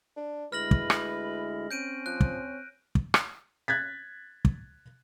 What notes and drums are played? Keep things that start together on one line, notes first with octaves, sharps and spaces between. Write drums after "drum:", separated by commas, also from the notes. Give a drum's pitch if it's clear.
D4
D2 G#3 E4 B4 F6 A#6 F#7
drum: kick
drum: rim click
C4 C#4 G6 D7 D#7
F3 F#6
drum: kick
drum: kick
drum: rim click
F#6 G#6 A6 B6
drum: kick